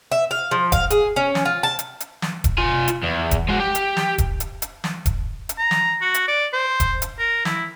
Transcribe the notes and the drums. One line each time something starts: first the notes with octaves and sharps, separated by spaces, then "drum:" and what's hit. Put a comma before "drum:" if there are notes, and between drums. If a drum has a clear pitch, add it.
E5
F5
F3
F5, drum: kick D#1, hi-hat
G#4, drum: hi-hat
C#4
drum: snare
F4
A5
drum: hi-hat
drum: hi-hat
drum: snare
drum: kick D#1, hi-hat
F4 G#5
drum: hi-hat
E2
drum: kick D#1, hi-hat
G#3 F#4
G4
drum: hi-hat
drum: snare
drum: kick D#1, hi-hat
drum: hi-hat
drum: hi-hat
drum: snare
drum: kick D#1, hi-hat
drum: hi-hat
A#5
drum: snare
F#4
drum: hi-hat
D5
C5
drum: kick D#1, hi-hat
drum: hi-hat
A#4
E4, drum: snare